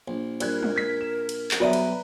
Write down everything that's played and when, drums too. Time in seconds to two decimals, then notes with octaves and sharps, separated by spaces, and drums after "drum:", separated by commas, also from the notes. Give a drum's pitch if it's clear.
0.08 A#1
0.40 A#1 G3 A#4 F#6 G#6, drum: cymbal
0.63 drum: tom G3
0.76 G#6 B6
1.01 E7
1.29 drum: cymbal
1.51 drum: clap
1.60 B1 G3 F#4 B4 D5 E5 A#5 D#6
1.73 drum: cymbal